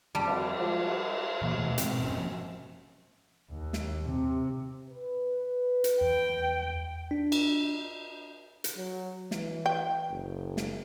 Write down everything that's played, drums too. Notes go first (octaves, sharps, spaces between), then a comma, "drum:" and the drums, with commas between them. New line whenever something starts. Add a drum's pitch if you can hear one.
F2 G3 A5 D6
drum: cymbal
F3 G#3
drum: cymbal
A#2 E3 A#3
D#2 B2 E3 A3
G#2 B2 G#3 C4, drum: hi-hat
G#1 F#2 C4 C#4
C3 F3 A#3 C#4
D#2
drum: snare
C3
B4
drum: hi-hat
E2 G5
D4
drum: cymbal
drum: hi-hat
F#3
E3, drum: snare
G5
F#1
drum: snare